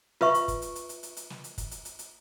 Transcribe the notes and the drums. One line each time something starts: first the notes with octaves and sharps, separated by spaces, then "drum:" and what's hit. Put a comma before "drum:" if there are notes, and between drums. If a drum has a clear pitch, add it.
F4 B4 E5 C#6, drum: snare
drum: hi-hat
drum: kick, hi-hat
drum: hi-hat
drum: hi-hat
drum: hi-hat
drum: hi-hat
drum: hi-hat
drum: snare
drum: hi-hat
drum: kick, hi-hat
drum: hi-hat
drum: hi-hat
drum: hi-hat